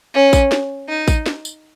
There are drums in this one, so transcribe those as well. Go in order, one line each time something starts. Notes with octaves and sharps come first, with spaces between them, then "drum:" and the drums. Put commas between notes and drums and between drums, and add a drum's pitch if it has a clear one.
C#4
drum: kick A1, tambourine
drum: snare
D#4
drum: kick A1, tambourine
drum: snare
drum: tambourine